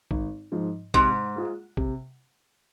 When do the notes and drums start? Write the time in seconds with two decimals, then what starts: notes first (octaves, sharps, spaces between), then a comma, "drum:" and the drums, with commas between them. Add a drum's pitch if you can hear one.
0.11 G#1, drum: kick
0.52 G#2 F3
0.94 G#2 C3, drum: kick
1.35 G#3 F4 G#4
1.77 C3, drum: kick